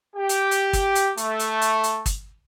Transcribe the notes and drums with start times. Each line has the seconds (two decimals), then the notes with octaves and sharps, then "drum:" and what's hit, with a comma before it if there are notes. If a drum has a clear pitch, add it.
0.16 G4
0.29 drum: hi-hat
0.51 drum: hi-hat
0.73 drum: kick, hi-hat
0.95 drum: hi-hat
1.17 A3, drum: hi-hat
1.39 drum: hi-hat
1.62 drum: hi-hat
1.84 drum: hi-hat
2.06 drum: kick, hi-hat